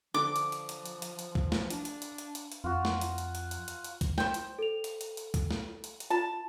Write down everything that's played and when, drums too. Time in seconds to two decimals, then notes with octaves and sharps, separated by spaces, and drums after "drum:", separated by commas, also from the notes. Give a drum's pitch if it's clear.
0.14 D3 F3 D6
0.36 drum: hi-hat
0.52 drum: hi-hat
0.69 drum: hi-hat
0.86 drum: hi-hat
1.02 drum: hi-hat
1.19 drum: hi-hat
1.35 drum: kick
1.52 drum: snare
1.70 D4, drum: hi-hat
1.85 drum: hi-hat
2.02 drum: hi-hat
2.18 drum: hi-hat
2.35 drum: hi-hat
2.52 drum: hi-hat
2.64 F2 F4 F#4
2.85 drum: snare
3.01 drum: hi-hat
3.18 drum: hi-hat
3.35 drum: hi-hat
3.51 drum: hi-hat
3.68 drum: hi-hat
3.84 drum: hi-hat
4.01 drum: kick, hi-hat
4.18 C5 G5, drum: snare
4.34 drum: hi-hat
4.59 A4 F7
4.84 drum: hi-hat
5.01 drum: hi-hat
5.17 drum: hi-hat
5.34 drum: kick, hi-hat
5.51 drum: snare
5.84 drum: hi-hat
6.00 drum: hi-hat
6.10 F4 A5